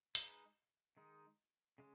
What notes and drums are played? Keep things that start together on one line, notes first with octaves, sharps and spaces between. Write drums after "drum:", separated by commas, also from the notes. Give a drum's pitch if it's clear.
G#3 D#4 B4 D#5, drum: hi-hat
D#3 G#3 D#4
C#3 G#3